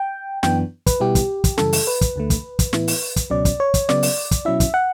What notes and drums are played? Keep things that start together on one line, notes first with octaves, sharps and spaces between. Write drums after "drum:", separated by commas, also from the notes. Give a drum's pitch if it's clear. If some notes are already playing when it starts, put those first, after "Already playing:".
Already playing: G5
F#2 E3 B3 D4 G5, drum: snare
B4, drum: kick, hi-hat
B2 G3 B3 E4 G4
drum: kick, hi-hat
drum: kick, hi-hat
F#2 C#3 E3 G3 A4, drum: snare
drum: open hi-hat
B4
drum: kick, hi-hat
D2 D3 A3
drum: kick, hi-hat
drum: kick, hi-hat
A2 E3 B3 E4, drum: snare
drum: open hi-hat
drum: kick, hi-hat
C#2 B2 F#3 C#4 D5
drum: kick, hi-hat
C#5
drum: kick, hi-hat
C#3 F#3 B3 D5, drum: snare
drum: open hi-hat
drum: kick, hi-hat
B2 F#3 C#4 E4 E5
drum: kick, hi-hat
F#5